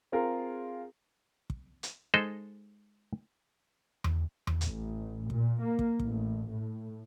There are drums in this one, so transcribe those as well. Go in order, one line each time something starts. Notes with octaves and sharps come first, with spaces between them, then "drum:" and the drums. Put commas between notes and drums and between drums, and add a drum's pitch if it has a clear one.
C4 F4 G#4 A#4
drum: kick
drum: hi-hat
G#3 D#4 A4 C5 D#5
drum: tom E2
drum: tom E2
A1, drum: hi-hat
A#2, drum: kick
A#3
drum: kick
A1, drum: kick
A2